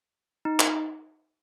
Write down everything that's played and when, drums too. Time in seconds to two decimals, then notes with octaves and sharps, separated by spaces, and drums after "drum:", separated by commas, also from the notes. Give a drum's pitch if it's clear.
0.45 D#4
0.60 drum: clap